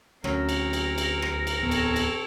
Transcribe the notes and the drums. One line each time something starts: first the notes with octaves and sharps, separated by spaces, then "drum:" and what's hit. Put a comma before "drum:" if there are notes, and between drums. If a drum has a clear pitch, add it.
D2 F#3 C4 C#4 A#4, drum: rim click
drum: cymbal
drum: cymbal
drum: cymbal
drum: rim click
drum: cymbal
D1 E2 B3 C4 A4 C#5
drum: cymbal
drum: cymbal